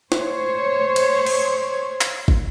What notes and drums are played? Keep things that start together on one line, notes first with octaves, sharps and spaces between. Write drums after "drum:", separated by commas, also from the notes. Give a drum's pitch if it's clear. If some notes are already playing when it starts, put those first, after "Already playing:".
C5 C#5, drum: snare
drum: cymbal
drum: cymbal
drum: clap
drum: kick